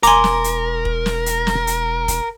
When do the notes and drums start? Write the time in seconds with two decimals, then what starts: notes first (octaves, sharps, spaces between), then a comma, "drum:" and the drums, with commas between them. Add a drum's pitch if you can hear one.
0.03 E1 A#4 G#5 A#5 C6 D6, drum: hi-hat
0.24 drum: snare
0.44 drum: hi-hat
0.85 drum: kick
1.06 drum: snare
1.26 drum: hi-hat
1.47 drum: snare
1.67 drum: hi-hat
2.08 drum: kick, hi-hat